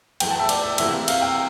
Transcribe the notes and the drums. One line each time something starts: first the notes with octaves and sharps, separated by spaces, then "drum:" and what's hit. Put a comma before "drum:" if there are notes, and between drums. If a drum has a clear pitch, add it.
E1 E2 E3 A3 G5, drum: cymbal
A5
E5
D5, drum: cymbal
E5
E2 C3 E3 A#3 E5, drum: cymbal
F5, drum: cymbal
G5